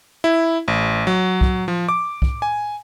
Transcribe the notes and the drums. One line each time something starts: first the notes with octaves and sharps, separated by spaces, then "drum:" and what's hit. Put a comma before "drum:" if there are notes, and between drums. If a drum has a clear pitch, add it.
E4
A1
F#3
drum: kick
F3
D6
drum: kick
G#5